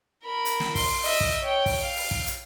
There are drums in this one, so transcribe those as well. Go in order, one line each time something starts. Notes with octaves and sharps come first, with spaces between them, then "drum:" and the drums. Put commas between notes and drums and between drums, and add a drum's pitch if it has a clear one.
A#4 B5
drum: hi-hat
drum: snare
C6, drum: kick, open hi-hat
D#5 E5, drum: open hi-hat
drum: kick
C#5 G5
drum: kick, open hi-hat
F5
drum: open hi-hat
drum: kick
drum: hi-hat